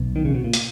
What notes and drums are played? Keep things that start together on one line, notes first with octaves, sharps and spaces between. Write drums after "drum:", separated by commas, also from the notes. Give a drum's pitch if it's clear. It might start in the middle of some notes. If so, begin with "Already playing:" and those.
Already playing: B1 B2
D#3
C#3
B2
A#2
drum: hi-hat